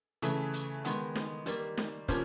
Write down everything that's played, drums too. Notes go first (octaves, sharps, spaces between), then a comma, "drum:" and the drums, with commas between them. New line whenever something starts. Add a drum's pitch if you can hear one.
C#3 E3 A3, drum: hi-hat
drum: hi-hat
D#3 G#3 B3, drum: hi-hat
drum: snare
D#3 G3 A#3, drum: hi-hat
drum: snare
C3 F3 A#3 C#4 F4, drum: kick, hi-hat